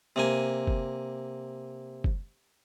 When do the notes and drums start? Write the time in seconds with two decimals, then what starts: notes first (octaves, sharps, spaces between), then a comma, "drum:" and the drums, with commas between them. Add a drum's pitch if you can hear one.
0.16 C3 A#3 G#5
0.67 drum: kick
2.04 drum: kick